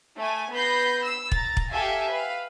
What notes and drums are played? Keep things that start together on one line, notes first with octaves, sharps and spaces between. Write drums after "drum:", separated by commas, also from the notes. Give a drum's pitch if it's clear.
A3 G#5
B3 B4 B5 G6 A#6 C7
E6
A#5 A6, drum: kick
drum: kick
G4 A4 E5 F5 G#5
B4 F5